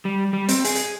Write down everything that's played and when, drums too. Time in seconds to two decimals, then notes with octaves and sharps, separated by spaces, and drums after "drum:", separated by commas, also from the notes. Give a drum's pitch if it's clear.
0.05 G3
0.33 G3
0.49 C4, drum: hi-hat
0.65 G#4, drum: hi-hat
0.75 drum: hi-hat